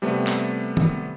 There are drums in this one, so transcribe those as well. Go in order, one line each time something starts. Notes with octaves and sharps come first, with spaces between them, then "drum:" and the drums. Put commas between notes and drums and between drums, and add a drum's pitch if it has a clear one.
C3 G3 A3 B3
drum: clap
drum: tom D#3